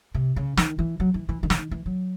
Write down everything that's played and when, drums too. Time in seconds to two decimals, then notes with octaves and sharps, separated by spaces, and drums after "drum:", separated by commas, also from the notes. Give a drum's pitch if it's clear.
0.14 C3
0.36 C#3
0.57 D#3, drum: snare
0.79 E3
1.00 F#3
1.14 E3
1.29 E3
1.43 D#3
1.50 D3, drum: snare
1.57 D#3
1.71 E3
1.86 F#3